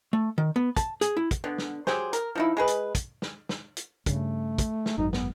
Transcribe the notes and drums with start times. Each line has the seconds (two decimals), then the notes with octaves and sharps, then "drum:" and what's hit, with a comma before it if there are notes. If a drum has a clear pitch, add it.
0.13 A3
0.38 D#3
0.56 B3
0.77 A5, drum: kick, hi-hat
1.01 G#4, drum: hi-hat
1.17 E4
1.31 drum: kick, hi-hat
1.44 D3 B3
1.58 drum: snare
1.87 F#3 G4 G#4 C5, drum: snare
2.13 A#4, drum: hi-hat
2.35 F3 D#4 E4
2.57 G#3 G#4 B4
2.67 drum: hi-hat
2.95 drum: kick, hi-hat
3.22 drum: snare
3.49 drum: snare
3.77 drum: hi-hat
4.06 G2 C#3 A3, drum: kick, hi-hat
4.58 drum: kick, hi-hat
4.86 drum: snare
4.98 G#1 F#2 D#4
5.13 B3, drum: snare